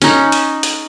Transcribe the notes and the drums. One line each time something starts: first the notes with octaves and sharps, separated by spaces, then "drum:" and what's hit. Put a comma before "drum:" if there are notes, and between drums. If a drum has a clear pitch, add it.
C#4 D#4, drum: hi-hat
drum: hi-hat
drum: hi-hat